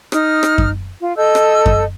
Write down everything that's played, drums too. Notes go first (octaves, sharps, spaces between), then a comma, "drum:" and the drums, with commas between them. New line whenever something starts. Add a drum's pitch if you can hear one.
D#4 D#6 F6, drum: rim click
drum: rim click
drum: kick F#2
F4
A4 D#5 E6 G6
drum: rim click
drum: kick F#2